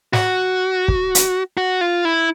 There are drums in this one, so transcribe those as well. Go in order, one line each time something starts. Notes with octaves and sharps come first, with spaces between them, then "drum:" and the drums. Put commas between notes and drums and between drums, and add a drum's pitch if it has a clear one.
F#4, drum: snare
drum: kick
drum: hi-hat
F#4
F4
E4